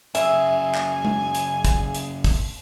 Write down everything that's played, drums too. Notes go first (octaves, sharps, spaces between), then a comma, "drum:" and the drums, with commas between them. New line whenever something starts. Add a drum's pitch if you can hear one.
F#2 C#3 E5 G#5, drum: hi-hat
drum: clap
drum: tom G#3
drum: hi-hat
drum: kick, hi-hat
drum: hi-hat
drum: kick, open hi-hat